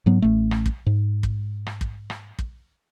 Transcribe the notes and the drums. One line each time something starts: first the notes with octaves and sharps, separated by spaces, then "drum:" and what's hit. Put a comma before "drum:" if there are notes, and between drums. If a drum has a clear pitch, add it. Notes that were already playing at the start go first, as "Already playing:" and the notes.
G#2 F#3 B3
A1 A3
drum: rim click
drum: kick
G#2
drum: kick
drum: rim click
drum: kick
drum: rim click
drum: kick